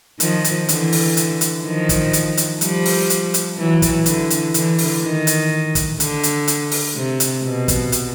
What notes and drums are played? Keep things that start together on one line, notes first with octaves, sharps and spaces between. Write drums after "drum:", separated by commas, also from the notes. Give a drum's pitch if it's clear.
D#3 F3, drum: hi-hat
drum: hi-hat
D3 E3, drum: hi-hat
drum: open hi-hat
drum: hi-hat
drum: hi-hat
D#3 F3
drum: kick, hi-hat
drum: hi-hat
drum: hi-hat
F3 G3, drum: hi-hat
drum: open hi-hat
drum: hi-hat
drum: hi-hat
E3 F#3
drum: kick, hi-hat
D3 E3, drum: hi-hat
drum: hi-hat
D3 E3, drum: hi-hat
drum: open hi-hat
D#3
drum: hi-hat
drum: kick, hi-hat
D3, drum: hi-hat
drum: hi-hat
drum: hi-hat
drum: open hi-hat
C3
drum: hi-hat
B2
drum: kick, hi-hat
drum: hi-hat